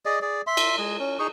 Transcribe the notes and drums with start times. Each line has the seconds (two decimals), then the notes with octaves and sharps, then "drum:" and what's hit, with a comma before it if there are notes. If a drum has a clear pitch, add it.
0.05 G#4 D5 D#5
0.22 G#4 D5
0.47 E5 C6
0.57 drum: cymbal
0.79 G#3
0.99 C#4
1.19 D#4 G#4 C#6